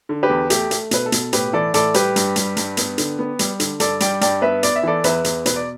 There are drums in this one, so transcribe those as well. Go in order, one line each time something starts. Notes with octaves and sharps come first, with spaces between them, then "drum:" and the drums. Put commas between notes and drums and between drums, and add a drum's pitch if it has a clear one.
D3
G4 B4
E2
A3 G4, drum: hi-hat
A3, drum: hi-hat
B2 B4, drum: hi-hat
A4
B2, drum: hi-hat
A2 G4 B4, drum: hi-hat
E3 A4 D5
A2 A4 D5, drum: hi-hat
G3 G4 B4, drum: hi-hat
G2, drum: hi-hat
G3, drum: hi-hat
G2, drum: hi-hat
B3, drum: hi-hat
D3, drum: hi-hat
B3
G3, drum: hi-hat
D3, drum: hi-hat
G2 A4 D5, drum: hi-hat
G3 D5 G5, drum: hi-hat
G2 D5 G5, drum: hi-hat
B3 B4 E5
B3 D5, drum: hi-hat
E5
E3 A4 D5
E2 B4 E5, drum: hi-hat
E2, drum: hi-hat
B2 B4, drum: hi-hat
D5